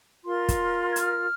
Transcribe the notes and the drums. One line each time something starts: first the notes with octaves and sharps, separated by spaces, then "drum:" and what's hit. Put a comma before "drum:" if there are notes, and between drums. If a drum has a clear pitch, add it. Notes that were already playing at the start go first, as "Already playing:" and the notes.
F4 A#4 C6
drum: kick, hi-hat
G#6
F6, drum: hi-hat